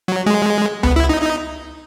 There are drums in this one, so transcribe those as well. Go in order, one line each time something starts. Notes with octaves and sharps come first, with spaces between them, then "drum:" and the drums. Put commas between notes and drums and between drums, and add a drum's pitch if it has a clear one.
F#3
G#3
B3, drum: tom C#2
E4
D#4
D#4